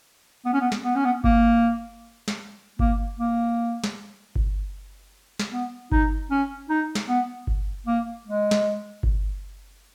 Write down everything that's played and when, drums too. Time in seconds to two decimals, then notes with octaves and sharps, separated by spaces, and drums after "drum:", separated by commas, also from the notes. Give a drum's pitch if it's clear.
0.45 B3
0.53 C#4
0.61 B3
0.72 drum: snare
0.84 B3
0.95 C#4
1.05 B3
1.24 A#3, drum: kick G1
2.28 drum: snare
2.79 A#3, drum: kick G1
3.18 A#3
3.84 drum: snare
4.36 drum: kick G1
5.39 drum: snare
5.53 B3
5.92 D#4, drum: kick G1
6.31 C#4
6.69 D#4
6.95 drum: snare
7.08 B3
7.47 drum: kick G1
7.86 A#3
8.26 G#3
8.51 drum: snare
9.03 drum: kick G1